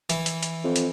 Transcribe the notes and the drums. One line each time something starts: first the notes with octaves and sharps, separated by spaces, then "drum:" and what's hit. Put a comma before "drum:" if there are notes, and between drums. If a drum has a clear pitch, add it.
E3, drum: hi-hat
drum: hi-hat
drum: hi-hat
F2
drum: hi-hat